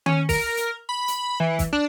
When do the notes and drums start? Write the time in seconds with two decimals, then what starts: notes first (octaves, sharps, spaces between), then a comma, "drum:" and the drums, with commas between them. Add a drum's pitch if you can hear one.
0.06 C#4, drum: tom D#3
0.29 A#4, drum: kick, open hi-hat
0.57 drum: hi-hat
0.89 B5
1.08 drum: hi-hat
1.40 E3
1.59 drum: kick, hi-hat
1.73 D4